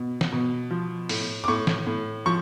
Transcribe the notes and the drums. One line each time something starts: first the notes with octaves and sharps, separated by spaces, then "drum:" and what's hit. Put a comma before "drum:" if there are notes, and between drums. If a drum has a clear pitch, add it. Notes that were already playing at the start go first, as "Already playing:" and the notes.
Already playing: B2
drum: snare
B2
F3
A2, drum: open hi-hat
D6
A2 C#6
drum: snare
A2
F3 C#6